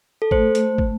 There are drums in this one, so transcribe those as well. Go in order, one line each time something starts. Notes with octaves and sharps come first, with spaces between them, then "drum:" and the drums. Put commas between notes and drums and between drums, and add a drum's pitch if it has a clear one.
A4
A3 C5, drum: kick
drum: hi-hat
drum: kick